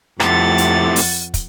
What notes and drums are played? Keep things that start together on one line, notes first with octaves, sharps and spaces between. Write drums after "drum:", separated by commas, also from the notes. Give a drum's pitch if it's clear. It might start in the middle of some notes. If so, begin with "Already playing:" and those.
F2 A2 C3 F#5 A6, drum: rim click
drum: hi-hat
drum: open hi-hat
drum: kick, hi-hat